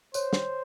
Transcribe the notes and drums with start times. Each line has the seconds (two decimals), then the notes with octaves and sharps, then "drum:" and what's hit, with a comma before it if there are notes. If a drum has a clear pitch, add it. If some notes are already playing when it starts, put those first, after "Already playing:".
0.14 C5 C#5, drum: tambourine
0.33 drum: snare